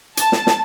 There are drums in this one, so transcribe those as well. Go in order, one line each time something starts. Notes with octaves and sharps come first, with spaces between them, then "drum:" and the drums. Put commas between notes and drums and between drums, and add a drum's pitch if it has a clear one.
A5, drum: hi-hat
drum: snare
drum: snare